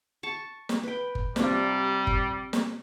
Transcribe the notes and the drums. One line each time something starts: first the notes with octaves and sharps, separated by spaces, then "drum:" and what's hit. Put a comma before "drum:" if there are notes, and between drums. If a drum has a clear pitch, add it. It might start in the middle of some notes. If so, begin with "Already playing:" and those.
A5 C#6
drum: snare
B4 G5
drum: kick G1
C3 G3 D4 F4, drum: snare
drum: kick G1
drum: snare